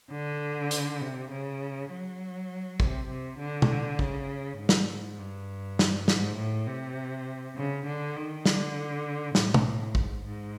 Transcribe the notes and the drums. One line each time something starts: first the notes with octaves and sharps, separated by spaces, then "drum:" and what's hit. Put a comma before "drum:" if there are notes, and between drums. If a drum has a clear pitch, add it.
D3
drum: hi-hat
C3
C#3
F#3
C3, drum: kick
C3
D3
drum: tom
C#3, drum: kick
G#2
drum: snare
G2
drum: snare
G#2, drum: snare
A2
C3
C#3
D3
D#3
D3, drum: snare
A2, drum: snare
drum: tom
G#2, drum: kick
G#2